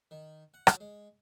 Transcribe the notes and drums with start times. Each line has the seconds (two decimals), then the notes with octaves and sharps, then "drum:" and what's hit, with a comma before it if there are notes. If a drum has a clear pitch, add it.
0.11 D#3
0.54 F#5
0.67 F#3, drum: rim click
0.80 G#3